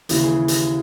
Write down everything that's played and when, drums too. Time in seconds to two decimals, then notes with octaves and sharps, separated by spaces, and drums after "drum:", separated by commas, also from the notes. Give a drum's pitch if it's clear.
0.09 D#2 C#3 E3 E4, drum: hi-hat
0.24 G#4
0.48 drum: hi-hat